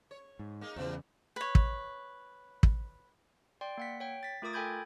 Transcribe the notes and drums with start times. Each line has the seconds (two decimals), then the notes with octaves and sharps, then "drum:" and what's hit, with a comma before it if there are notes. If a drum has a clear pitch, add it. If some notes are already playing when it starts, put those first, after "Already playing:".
0.11 C#5
0.39 G#2
0.61 A#3 D#4 G#4
0.76 E2 C#3 E3 F#3 G3
1.36 B4 C#5
1.55 drum: kick
2.63 drum: kick
3.61 D5 G5 C6
3.78 A#3 F#5 B6
4.00 C#5 G5
4.23 A6 B6
4.42 A3 F4 A#4 D6 D#6 A6
4.53 A4 G5 G#5 B5 G6 G#6